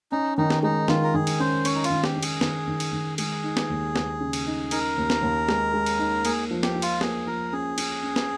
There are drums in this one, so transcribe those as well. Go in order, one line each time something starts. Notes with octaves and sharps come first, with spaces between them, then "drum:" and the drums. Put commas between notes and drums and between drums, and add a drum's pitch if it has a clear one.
C#4 D#4
D#3 D#4
drum: snare
G#3 D#4
D#3 F4, drum: snare
A#4
D#3 G#4
drum: cymbal
C#4 C5
C#4 C#5, drum: cymbal
D#4
F4, drum: cymbal
D#3
G4, drum: snare
C#4
G#4, drum: cymbal
D#3, drum: snare
D#3
drum: cymbal
D#3
G#3 G#4, drum: cymbal
D#4
drum: snare
D#2
D#2, drum: snare
C#3
drum: cymbal
D#4
D#4 A#4, drum: cymbal
D#2
drum: snare
D#2
G#3, drum: snare
G#3
drum: cymbal
D#4
A#3 G#4, drum: cymbal
F3
G4, drum: snare
F3
F4, drum: cymbal
A#3 G#4, drum: snare
F3 A#4
C#4 G#4
C#4, drum: cymbal
C#4
drum: snare